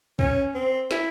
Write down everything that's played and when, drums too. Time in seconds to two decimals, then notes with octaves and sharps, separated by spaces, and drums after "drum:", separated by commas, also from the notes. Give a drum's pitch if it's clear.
0.19 C#4, drum: kick
0.55 C4
0.91 E4, drum: snare